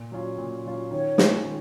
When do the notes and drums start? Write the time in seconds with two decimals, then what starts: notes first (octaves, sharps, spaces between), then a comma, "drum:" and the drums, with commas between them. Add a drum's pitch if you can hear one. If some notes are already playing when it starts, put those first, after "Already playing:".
Already playing: A#2
0.11 F#3 C#4 F4
0.38 A#2
0.65 F#3 C#4 F4
0.91 D#3 C#5
1.18 G#3 C#4 F4 C5, drum: snare
1.45 D#3